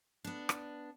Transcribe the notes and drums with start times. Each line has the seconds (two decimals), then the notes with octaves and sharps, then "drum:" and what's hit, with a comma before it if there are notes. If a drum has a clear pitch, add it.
0.24 B3 D4
0.49 drum: rim click